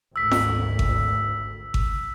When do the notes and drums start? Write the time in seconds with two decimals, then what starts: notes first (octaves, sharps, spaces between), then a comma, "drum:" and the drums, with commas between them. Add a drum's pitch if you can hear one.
0.16 G#1 D2 E6 B6
0.31 drum: snare
0.79 drum: kick G#1
1.74 drum: kick G#1